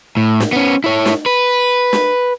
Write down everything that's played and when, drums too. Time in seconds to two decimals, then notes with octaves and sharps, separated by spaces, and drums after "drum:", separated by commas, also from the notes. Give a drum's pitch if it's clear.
0.17 A2
0.40 drum: snare
0.52 B3 C#4
0.84 E4 C#5
1.06 drum: snare
1.26 B4
1.93 drum: snare